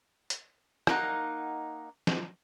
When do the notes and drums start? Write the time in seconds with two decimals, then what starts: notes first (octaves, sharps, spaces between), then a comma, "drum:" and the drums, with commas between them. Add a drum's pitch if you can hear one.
0.30 drum: hi-hat
0.87 A#3 D#4 F#5, drum: rim click
2.07 drum: snare